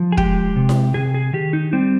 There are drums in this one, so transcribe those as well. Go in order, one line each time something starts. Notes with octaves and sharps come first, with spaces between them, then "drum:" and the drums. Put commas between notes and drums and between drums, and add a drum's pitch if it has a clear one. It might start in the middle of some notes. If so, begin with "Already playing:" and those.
Already playing: F3
G#4
G#3 G4, drum: kick
C3
drum: snare E4
C3 G#4
G#4
D#3 G4
D#4
G3 C4